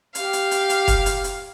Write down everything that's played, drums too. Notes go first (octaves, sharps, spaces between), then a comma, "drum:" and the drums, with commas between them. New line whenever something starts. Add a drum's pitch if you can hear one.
G4 F5, drum: hi-hat
drum: hi-hat
drum: hi-hat
drum: hi-hat
drum: kick F1, hi-hat
drum: hi-hat
drum: hi-hat